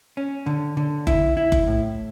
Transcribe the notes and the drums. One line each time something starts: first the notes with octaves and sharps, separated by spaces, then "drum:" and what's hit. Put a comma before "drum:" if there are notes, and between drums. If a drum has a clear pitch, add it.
C#4
D3
D3
E4, drum: kick F#1
E4
drum: kick F#1
A2